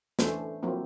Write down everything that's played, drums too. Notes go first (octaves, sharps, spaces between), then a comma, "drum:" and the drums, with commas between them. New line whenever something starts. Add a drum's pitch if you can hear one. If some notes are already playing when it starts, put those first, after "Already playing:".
E3 A3 C#4 D4 A4 C5, drum: snare
F3 F#3 A#3 C4 E4